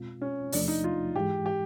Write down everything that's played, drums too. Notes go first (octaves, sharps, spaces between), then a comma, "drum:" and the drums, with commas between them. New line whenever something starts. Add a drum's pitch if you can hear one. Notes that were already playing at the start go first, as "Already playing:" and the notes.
Already playing: B2 G#3 C4 F4
C#4
E2 C3 F3 A3 D4, drum: open hi-hat
D#4
F4
G#2 E3 G#3 G4
G4